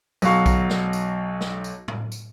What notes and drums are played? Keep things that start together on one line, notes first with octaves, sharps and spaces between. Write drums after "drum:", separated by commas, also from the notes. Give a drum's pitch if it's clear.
B1 F#3 F#4 F5 C#6, drum: tambourine
drum: kick A#1, tambourine
drum: snare
drum: tambourine
drum: snare
drum: tambourine
drum: tom A2
drum: tambourine